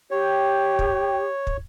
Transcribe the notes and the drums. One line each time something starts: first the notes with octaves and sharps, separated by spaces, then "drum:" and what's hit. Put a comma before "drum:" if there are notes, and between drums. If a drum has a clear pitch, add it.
G4 C#5 G5
drum: kick
drum: kick